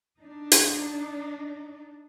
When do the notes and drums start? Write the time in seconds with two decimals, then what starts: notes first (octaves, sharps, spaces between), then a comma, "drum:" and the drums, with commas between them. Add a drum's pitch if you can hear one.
0.20 D4 D#4
0.52 drum: hi-hat